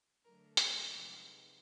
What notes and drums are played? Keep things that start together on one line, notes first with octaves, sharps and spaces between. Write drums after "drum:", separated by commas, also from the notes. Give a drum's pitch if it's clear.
D3 F#3 A3 A#4
A4, drum: hi-hat
C3 F3 G#3 B3 D#4